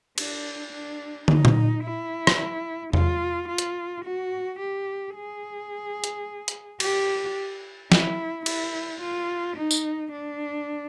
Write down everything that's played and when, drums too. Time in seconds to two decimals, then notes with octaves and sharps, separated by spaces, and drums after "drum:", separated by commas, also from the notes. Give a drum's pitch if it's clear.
0.18 D4, drum: cymbal
0.73 D4
1.28 D#4, drum: tom
1.45 drum: tom A#2
1.84 E4
2.27 drum: rim click
2.93 F4, drum: tom E2
3.49 F4
3.58 drum: hi-hat
4.05 F#4
4.59 G4
5.15 G#4
6.04 drum: hi-hat
6.48 drum: hi-hat
6.80 G4, drum: cymbal
7.92 E4, drum: snare
8.46 E4, drum: cymbal
9.01 F4
9.57 D#4
9.71 drum: tambourine
10.12 D4